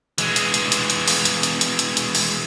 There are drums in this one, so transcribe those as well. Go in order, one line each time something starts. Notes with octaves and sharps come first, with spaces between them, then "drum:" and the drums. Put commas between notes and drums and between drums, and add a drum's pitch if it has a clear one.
E3 G#3, drum: hi-hat
drum: hi-hat
drum: hi-hat
drum: hi-hat
drum: hi-hat
drum: open hi-hat
drum: hi-hat
drum: hi-hat
drum: hi-hat
drum: hi-hat
drum: hi-hat
drum: open hi-hat